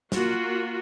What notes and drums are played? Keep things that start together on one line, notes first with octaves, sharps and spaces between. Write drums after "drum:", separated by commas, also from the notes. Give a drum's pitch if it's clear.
A#3 F4 F#4, drum: snare